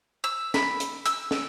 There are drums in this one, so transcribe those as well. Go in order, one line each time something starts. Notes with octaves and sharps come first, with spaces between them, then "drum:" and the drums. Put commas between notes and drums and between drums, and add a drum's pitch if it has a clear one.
E6
B5, drum: snare
drum: hi-hat
E6, drum: hi-hat
drum: snare